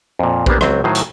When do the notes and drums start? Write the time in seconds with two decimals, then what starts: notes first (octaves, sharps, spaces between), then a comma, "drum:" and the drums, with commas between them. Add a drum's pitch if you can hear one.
0.19 F2 A#2
0.46 A#3 B3 D4 G4 B4 C5, drum: kick A#1
0.61 C#2 F#3 C4, drum: rim click
0.84 A2 D#3 F#3 C5 G#5
0.95 drum: hi-hat